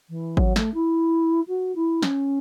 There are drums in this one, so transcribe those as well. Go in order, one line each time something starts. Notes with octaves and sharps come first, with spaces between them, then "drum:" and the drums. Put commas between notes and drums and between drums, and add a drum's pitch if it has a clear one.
E3
F#3, drum: kick G#1
A3, drum: snare
E4
F#4
E4
C#4, drum: snare